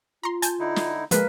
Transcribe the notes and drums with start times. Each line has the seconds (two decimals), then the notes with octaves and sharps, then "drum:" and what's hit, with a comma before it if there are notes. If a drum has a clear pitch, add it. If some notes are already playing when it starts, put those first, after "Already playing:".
0.23 F4 A#5 C6
0.42 G#5 A5 G6, drum: hi-hat
0.59 D3 D#4 E4
0.76 drum: snare
1.11 F3 G#3 A#3 B4, drum: hi-hat